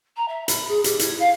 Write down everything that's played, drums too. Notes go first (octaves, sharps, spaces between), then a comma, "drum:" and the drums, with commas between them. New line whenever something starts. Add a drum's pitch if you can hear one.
A#5
E5
B5, drum: hi-hat
G#4
G4, drum: hi-hat
E4, drum: hi-hat
F5